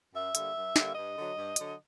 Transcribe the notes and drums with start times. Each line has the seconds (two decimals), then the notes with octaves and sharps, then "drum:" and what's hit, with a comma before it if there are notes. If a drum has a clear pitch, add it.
0.14 F#2 E5
0.35 D3 G3 A#3, drum: hi-hat
0.55 F#2
0.76 D3 G3 A#3, drum: snare
0.95 G2 D#5
1.17 D3 F#3
1.36 G2
1.56 D3 F#3, drum: hi-hat